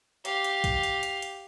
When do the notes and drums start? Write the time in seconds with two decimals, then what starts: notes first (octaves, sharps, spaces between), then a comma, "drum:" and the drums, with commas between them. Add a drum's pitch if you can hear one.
0.25 G4 F5, drum: hi-hat
0.44 drum: hi-hat
0.64 drum: kick B1, hi-hat
0.83 drum: hi-hat
1.03 drum: hi-hat
1.22 drum: hi-hat